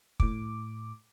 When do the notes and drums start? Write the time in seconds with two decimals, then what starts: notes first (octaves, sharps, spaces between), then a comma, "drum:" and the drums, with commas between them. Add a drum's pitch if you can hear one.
0.20 A2 D6, drum: kick